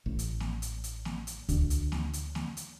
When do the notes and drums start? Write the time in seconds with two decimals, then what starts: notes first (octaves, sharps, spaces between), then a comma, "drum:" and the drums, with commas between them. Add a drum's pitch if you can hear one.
0.06 A1
0.19 drum: hi-hat
0.40 drum: snare A#3
0.62 drum: hi-hat
0.84 drum: hi-hat
1.05 drum: snare A#3
1.27 drum: hi-hat
1.49 D2, drum: kick C2, hi-hat
1.70 drum: hi-hat
1.92 drum: snare A#3
2.13 drum: hi-hat
2.35 drum: snare A#3
2.57 drum: hi-hat